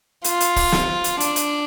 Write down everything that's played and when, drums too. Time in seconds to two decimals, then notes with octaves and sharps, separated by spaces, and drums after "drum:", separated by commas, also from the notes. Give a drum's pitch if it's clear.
0.24 F4, drum: hi-hat
0.40 drum: hi-hat
0.56 drum: kick, open hi-hat
0.72 drum: snare
1.04 drum: hi-hat
1.20 D4, drum: hi-hat
1.36 drum: hi-hat